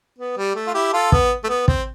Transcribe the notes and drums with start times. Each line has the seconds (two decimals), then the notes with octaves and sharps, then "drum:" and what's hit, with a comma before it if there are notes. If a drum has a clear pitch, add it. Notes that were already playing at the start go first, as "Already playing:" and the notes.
0.19 B3
0.37 G3
0.56 A3
0.67 F4
0.74 E4 G4
0.93 F4 A4
1.12 B3, drum: kick
1.44 A3
1.49 B3
1.68 C4, drum: kick